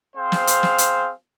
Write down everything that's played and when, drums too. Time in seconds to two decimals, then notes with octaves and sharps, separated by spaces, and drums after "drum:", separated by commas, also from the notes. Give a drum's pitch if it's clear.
0.16 C4 G#4 C5 F5
0.32 drum: snare
0.47 drum: hi-hat
0.63 drum: snare
0.78 drum: hi-hat